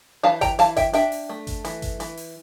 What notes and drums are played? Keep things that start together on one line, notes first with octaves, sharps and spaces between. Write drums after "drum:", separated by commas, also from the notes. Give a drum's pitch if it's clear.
E3 F5 A5
G5 A#5, drum: kick G1, hi-hat
E3 F5 A5, drum: hi-hat
E5 G5, drum: kick G1, hi-hat
D4 E5 G5, drum: hi-hat
drum: open hi-hat
A3
drum: kick G1, hi-hat
E3, drum: hi-hat
drum: kick G1, hi-hat
E3, drum: hi-hat
drum: open hi-hat